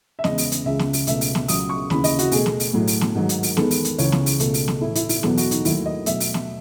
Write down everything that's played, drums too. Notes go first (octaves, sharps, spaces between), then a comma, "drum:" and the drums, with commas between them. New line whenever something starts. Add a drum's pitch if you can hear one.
E5
E2 C#3 G#3 B3 D#5, drum: snare
drum: open hi-hat
drum: hi-hat
C#2 C#3 G#3 E5
drum: snare
drum: open hi-hat
C#2 B2 A3 E5, drum: hi-hat
drum: open hi-hat
drum: snare
C#2 C#3 F#3 D#6, drum: open hi-hat
C#6
D#2 C#3 E3 B5, drum: snare
D#5, drum: open hi-hat
F#4, drum: hi-hat
B2 A3 G#4, drum: open hi-hat
drum: snare
drum: open hi-hat
A2 F#3 A3
drum: open hi-hat
drum: snare
G#2 D#3 F#3
drum: hi-hat
drum: open hi-hat
E2 D#3 G#3 B3 A4, drum: snare
drum: open hi-hat
drum: hi-hat
C#2 C#3 E3 C#5, drum: open hi-hat
drum: snare
drum: open hi-hat
C#2 B2 A3 A4, drum: hi-hat
drum: open hi-hat
drum: snare
A2 E3 A3 E4
E4, drum: hi-hat
E4, drum: open hi-hat
E2 B2 F#3 B3 A4, drum: snare
F#4, drum: open hi-hat
D#4, drum: hi-hat
D#2 D#3 F#3 A3 E4, drum: open hi-hat
D#5
B2 F#3 A3 E5, drum: hi-hat
drum: open hi-hat
drum: snare